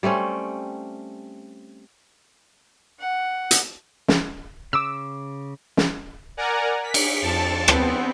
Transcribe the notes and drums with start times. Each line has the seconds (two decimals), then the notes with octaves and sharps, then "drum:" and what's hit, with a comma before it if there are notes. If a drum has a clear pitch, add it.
0.03 G3 A3 C4 C#4
3.00 F#5
3.51 drum: hi-hat
4.08 drum: snare
4.73 C#3 D6 E6
5.77 drum: snare
6.37 A#4 D5 F#5 G#5 A#5
6.83 B6
6.94 drum: cymbal
7.22 F2 A5 A6 C#7
7.68 B3 C4, drum: rim click